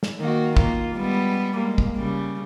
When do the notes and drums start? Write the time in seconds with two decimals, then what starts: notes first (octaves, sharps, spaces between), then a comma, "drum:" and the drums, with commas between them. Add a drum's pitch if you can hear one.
0.03 drum: snare
0.19 D#3 A#3 F#4
0.57 A#3 F4, drum: kick
0.94 G3 G#3 B3
1.57 G#3 A#3
1.78 drum: kick
1.97 C#3 G3